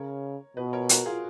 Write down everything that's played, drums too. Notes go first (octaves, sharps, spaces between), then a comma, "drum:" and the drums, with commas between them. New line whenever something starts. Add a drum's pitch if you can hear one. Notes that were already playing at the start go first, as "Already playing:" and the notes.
Already playing: C#3 A#4 C#5
B2 B4 D#5
A#4 C#5
F#4 A#4, drum: hi-hat
F4 G#4